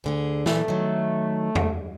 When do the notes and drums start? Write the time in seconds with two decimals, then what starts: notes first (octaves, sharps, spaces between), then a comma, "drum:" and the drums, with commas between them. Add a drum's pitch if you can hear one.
0.04 D2 D3 G#4
0.46 A#2 D3 E3 A3, drum: snare
0.68 D#3 F#3
1.55 drum: tom E2